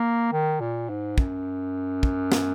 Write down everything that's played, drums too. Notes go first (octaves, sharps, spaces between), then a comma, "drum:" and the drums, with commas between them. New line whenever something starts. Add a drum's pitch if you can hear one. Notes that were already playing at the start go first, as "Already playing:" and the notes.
Already playing: A#3
D#3
A#2
G#2
F#2, drum: kick
drum: kick
drum: snare